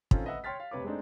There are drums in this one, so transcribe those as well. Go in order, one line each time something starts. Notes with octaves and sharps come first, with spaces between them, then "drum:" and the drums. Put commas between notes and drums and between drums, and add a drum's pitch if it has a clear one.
C4 C#4 D#4 F4 A4 C5, drum: kick
B4 D#5 E5 F#5 E6
C#5 G5 C6 F6 A6 B6
F5
F1 C3 B4 C#5 D6
G#3 A3 C4 D4 D#4